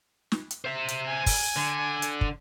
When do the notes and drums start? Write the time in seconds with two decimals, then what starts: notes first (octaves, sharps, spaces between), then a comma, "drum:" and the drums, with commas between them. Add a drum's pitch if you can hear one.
0.32 drum: snare
0.51 drum: hi-hat
0.65 C5 E5
0.88 drum: hi-hat
1.07 G#5
1.26 drum: kick, open hi-hat
1.57 D3
2.02 drum: hi-hat
2.21 drum: kick